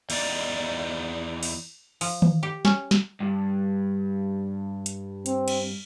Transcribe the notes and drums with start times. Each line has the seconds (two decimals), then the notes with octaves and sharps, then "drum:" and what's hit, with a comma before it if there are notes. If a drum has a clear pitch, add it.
0.10 E2 D#4 D5, drum: cymbal
1.43 drum: open hi-hat
2.01 F3, drum: open hi-hat
2.22 drum: tom D#3
2.43 G4
2.65 C#4, drum: snare
2.91 drum: snare
3.20 G2
4.86 drum: hi-hat
5.26 C4, drum: hi-hat
5.48 drum: cymbal